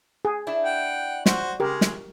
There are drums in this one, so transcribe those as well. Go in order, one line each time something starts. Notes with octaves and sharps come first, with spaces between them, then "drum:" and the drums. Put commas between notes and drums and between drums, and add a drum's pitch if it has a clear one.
G#4
D4 E4
F#5 G5
F#4 C5 C#6, drum: snare
C#3 G#3 G4 A#4
drum: snare